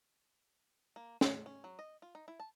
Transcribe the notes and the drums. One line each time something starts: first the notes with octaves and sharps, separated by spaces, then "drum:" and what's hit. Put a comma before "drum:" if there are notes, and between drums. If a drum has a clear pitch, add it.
A#3
F4, drum: snare
C#4
F#3
D#5
F4
D#4
E4
A5